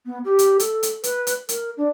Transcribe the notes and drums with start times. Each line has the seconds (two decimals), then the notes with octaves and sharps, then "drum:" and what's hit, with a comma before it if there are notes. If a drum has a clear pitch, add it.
0.06 B3
0.25 G4
0.39 drum: hi-hat
0.60 A4, drum: hi-hat
0.83 drum: hi-hat
1.04 B4, drum: hi-hat
1.27 drum: hi-hat
1.49 A#4, drum: hi-hat
1.77 D4